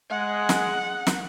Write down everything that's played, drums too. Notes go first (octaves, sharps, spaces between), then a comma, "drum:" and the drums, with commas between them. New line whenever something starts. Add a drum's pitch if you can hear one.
G#3 F#5
drum: snare
drum: snare